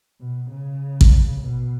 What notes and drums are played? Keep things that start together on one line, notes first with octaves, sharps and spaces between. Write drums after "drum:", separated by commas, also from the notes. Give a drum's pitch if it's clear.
B2
C#3
drum: kick
B2